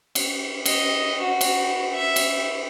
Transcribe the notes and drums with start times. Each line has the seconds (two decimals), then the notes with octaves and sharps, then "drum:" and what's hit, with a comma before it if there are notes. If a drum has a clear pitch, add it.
0.15 drum: cymbal
0.66 D#5, drum: cymbal
1.20 F#4
1.41 drum: cymbal
1.93 E5
2.16 drum: cymbal